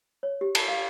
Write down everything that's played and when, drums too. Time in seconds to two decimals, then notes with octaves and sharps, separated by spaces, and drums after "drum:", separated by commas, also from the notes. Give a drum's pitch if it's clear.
0.23 C#5
0.41 G4
0.55 A5, drum: cymbal
0.68 F5